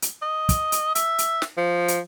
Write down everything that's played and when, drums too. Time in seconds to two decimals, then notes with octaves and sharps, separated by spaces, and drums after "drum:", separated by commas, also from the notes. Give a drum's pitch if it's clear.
0.02 drum: hi-hat
0.22 D#5
0.49 drum: kick, hi-hat
0.72 drum: hi-hat
0.95 E5, drum: hi-hat
1.18 drum: hi-hat
1.42 drum: snare
1.57 F3
1.88 drum: hi-hat